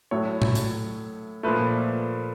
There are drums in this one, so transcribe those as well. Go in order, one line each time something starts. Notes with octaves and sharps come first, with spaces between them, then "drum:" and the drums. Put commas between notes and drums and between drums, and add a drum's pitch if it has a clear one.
A2 F#3 A3 C#5
drum: tom A2
drum: hi-hat
A#2 F3 A3 B4